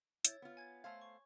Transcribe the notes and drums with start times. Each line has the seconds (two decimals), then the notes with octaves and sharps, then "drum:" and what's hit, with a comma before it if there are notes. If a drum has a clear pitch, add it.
0.25 E4 C#5 G6 A6, drum: hi-hat
0.42 B3 F4
0.57 G#5 G#6
0.84 A3 C5 F5 G#6
1.01 C#6